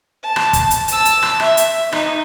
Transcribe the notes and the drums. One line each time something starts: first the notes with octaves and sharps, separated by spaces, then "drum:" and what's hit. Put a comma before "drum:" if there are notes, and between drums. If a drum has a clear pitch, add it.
A5
drum: rim click
drum: kick, hi-hat
drum: hi-hat
A5 E6, drum: hi-hat
drum: hi-hat
drum: rim click
E5, drum: rim click
drum: hi-hat
D#4, drum: rim click